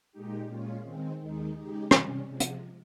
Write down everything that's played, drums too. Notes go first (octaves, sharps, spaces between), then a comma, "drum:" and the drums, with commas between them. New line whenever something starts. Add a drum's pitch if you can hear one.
A#2 G#3 D#4 G4
A#2 G#3 C#4 F4
D#3 G#3 C4
D#2 D#3 G#3 D#4
C#3 G#3 D#4 G4
C3 G3 C#4, drum: rim click
C3 F3 G#3
drum: hi-hat